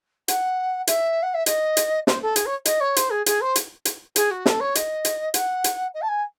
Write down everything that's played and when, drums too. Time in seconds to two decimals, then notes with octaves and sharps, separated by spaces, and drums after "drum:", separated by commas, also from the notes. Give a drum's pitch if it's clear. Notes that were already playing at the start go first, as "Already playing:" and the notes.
0.28 F#5, drum: hi-hat
0.87 E5, drum: hi-hat
1.23 F#5
1.34 E5
1.46 D#5, drum: hi-hat
1.77 drum: hi-hat
2.07 C5, drum: snare
2.22 A4
2.36 G#4, drum: hi-hat
2.46 C#5
2.65 D#5, drum: hi-hat
2.80 C#5
2.96 C5, drum: hi-hat
3.10 G#4
3.26 G#4, drum: hi-hat
3.41 C5
3.56 drum: hi-hat
3.85 drum: hi-hat
4.16 G#4, drum: hi-hat
4.31 F#4
4.46 A4, drum: snare
4.60 C#5
4.75 D#5, drum: hi-hat
5.05 drum: hi-hat
5.34 F#5, drum: hi-hat
5.64 drum: hi-hat
5.94 D#5
6.02 A5
6.08 G#5